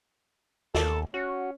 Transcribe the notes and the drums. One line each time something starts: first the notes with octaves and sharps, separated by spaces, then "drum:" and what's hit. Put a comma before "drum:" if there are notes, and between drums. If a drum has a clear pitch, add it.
D#2 A4, drum: snare
C#4 F#4